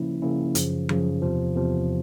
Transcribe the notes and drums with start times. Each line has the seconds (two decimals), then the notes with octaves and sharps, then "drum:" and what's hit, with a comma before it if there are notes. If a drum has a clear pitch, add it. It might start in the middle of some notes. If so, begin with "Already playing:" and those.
Already playing: C#3 F3 A#3 C#4 E4
0.22 C#3 F3 A#3 C#4 E4
0.55 F#2 C#3 F3, drum: hi-hat
0.89 F#2 C#3 F3, drum: tom F3
1.22 E2 C3 F3
1.56 E2 C3 F3